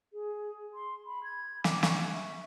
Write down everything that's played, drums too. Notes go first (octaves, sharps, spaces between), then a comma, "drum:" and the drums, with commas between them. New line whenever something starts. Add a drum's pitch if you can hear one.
G#4
C6
B5
G#6
D6, drum: snare
C#6, drum: snare
E5